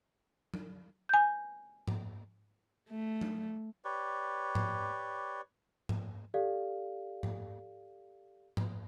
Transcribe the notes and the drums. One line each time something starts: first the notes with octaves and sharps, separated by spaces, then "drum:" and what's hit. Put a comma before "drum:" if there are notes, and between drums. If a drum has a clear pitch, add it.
drum: tom F#3
G#5 G6
drum: tom G#2
A3
drum: tom F#3
G4 B4 C#5 D5
drum: tom G#2
drum: tom G#2
G4 A4 D5 F5
drum: tom G#2
drum: tom G#2